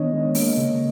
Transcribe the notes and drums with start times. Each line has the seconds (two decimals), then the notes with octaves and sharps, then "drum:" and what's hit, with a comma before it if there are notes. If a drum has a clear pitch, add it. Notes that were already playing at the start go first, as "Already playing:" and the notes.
Already playing: D#3 B3 D4 C#5 D#5
0.13 G#3
0.35 A#3, drum: open hi-hat
0.57 C#3